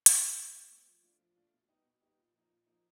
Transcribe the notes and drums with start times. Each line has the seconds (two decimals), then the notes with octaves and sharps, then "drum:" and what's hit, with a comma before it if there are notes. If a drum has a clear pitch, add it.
0.06 drum: hi-hat
0.22 F#3
0.38 A3 C4
0.54 F#3
0.70 A3 C4
0.87 F3
1.03 A3 D4 F4
1.19 F3
1.36 A3 D4 F4
1.53 B2
1.69 G3 B3 D#4 G4
1.85 B2
2.01 G3 B3 D#4 G4
2.18 A#2
2.34 F3 A#3 D#4
2.50 A#2
2.66 F3 A#3 D#4